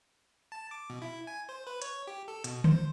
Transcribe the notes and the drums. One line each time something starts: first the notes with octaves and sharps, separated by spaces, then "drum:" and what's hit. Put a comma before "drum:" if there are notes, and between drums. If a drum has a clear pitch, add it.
A5
D6
B2
E4
G#5
C5
B4
C#5, drum: hi-hat
G4
A4
B2, drum: hi-hat
C5, drum: tom